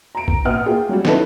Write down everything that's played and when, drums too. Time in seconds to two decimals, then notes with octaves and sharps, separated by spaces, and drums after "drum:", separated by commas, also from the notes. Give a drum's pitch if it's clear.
0.15 A#5 D7
0.28 drum: kick
0.45 A#1 B3 F#5 D#6 F6
0.66 A#3 F4 G#4 G5
0.89 F#3 G3
1.05 B3 C#4 D#4 E4 A4 B4, drum: snare